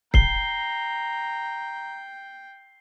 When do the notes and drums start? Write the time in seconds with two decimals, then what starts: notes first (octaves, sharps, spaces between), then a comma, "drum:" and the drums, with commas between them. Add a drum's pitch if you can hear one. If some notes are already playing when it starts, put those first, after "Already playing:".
0.14 G5 A#5 C7 G7, drum: kick